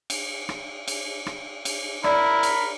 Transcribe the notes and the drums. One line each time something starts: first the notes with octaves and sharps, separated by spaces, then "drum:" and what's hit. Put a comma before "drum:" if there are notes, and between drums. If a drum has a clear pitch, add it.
drum: cymbal
drum: rim click
drum: cymbal
drum: rim click
drum: cymbal
E4 A#4 D5 B5, drum: rim click
drum: cymbal